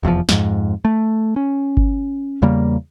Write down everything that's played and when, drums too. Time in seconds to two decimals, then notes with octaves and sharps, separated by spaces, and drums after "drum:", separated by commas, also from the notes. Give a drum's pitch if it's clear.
0.03 F1 E2 A2 F3
0.29 F2 G#2, drum: snare
0.85 A3
1.36 C#4
1.77 drum: kick G1
2.42 E2 C#3 G3 A#3